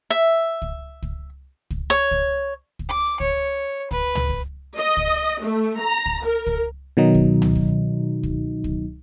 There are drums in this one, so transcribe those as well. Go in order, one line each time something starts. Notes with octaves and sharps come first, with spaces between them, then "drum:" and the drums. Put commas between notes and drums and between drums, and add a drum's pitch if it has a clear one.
E5
drum: kick
drum: kick
drum: kick
C#5
drum: kick
drum: kick
D6
C#5, drum: kick
B4, drum: kick
drum: tom
drum: kick
D#5
drum: kick
A3
A#5
drum: kick
A#4
drum: kick
B2 D#3 F#3 D#4
drum: kick
drum: tom
drum: kick
drum: kick
drum: kick